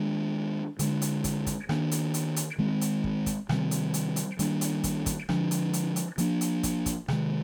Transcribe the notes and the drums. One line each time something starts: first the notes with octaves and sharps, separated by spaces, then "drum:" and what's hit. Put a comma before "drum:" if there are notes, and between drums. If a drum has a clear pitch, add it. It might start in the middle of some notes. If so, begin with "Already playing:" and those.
Already playing: D#3 G#3 D4
D3 G#3 D4, drum: hi-hat
drum: hi-hat
drum: kick, hi-hat
drum: kick, hi-hat
D#3 A#3 D4, drum: rim click
drum: hi-hat
drum: hi-hat
drum: hi-hat
D#3 G#3 C4
drum: hi-hat
drum: kick
drum: kick, hi-hat
C3 D#3 G3 C4, drum: rim click
drum: hi-hat
drum: hi-hat
drum: hi-hat
D#3 G3 A#3 D4, drum: hi-hat
drum: hi-hat
drum: kick, hi-hat
drum: kick, hi-hat
D3 F3 G#3 D4, drum: rim click
drum: hi-hat
drum: hi-hat
drum: hi-hat
F3 A#3 D4, drum: hi-hat
drum: hi-hat
drum: kick, hi-hat
drum: kick, hi-hat
C3 D#3 G#3, drum: rim click